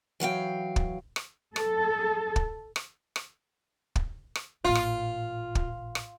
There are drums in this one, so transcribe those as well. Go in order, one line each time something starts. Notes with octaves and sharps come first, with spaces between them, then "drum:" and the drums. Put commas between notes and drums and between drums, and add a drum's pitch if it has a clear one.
E3 F#3 F5 G5
drum: kick
drum: rim click
A4, drum: rim click
drum: kick
drum: rim click
drum: rim click
drum: kick
drum: rim click
A1 A#2 F4
drum: rim click
drum: kick
drum: rim click